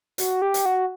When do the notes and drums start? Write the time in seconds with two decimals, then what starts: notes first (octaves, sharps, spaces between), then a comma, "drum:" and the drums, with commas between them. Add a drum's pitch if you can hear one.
0.18 F#4, drum: hi-hat
0.42 G4
0.54 drum: hi-hat
0.66 F#4